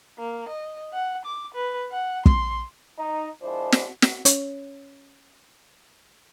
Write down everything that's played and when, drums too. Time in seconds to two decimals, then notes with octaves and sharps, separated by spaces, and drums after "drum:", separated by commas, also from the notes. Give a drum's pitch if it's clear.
0.18 A#3
0.48 D#5
0.93 F#5
1.25 D6
1.54 B4
1.91 F#5
2.26 C6, drum: kick
2.97 D#4
3.41 A#2 F3 G#3 D4 E4 C5
3.72 drum: snare
4.02 drum: snare
4.25 C#4 C#5, drum: hi-hat